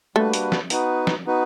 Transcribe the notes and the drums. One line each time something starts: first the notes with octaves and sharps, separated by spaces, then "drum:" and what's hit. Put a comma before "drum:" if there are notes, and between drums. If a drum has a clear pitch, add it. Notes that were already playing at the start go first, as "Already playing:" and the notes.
G3 A3 A#3 D4 F#4 B4
drum: hi-hat
drum: snare
B3 D#4 F#4 B4, drum: hi-hat
drum: snare
B3 D#4 F#4 B4